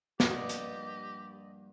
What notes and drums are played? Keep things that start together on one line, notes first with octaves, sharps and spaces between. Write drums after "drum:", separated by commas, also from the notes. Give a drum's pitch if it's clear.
G2 F3 A#3 G4 D5 D#5 F#5, drum: snare
drum: hi-hat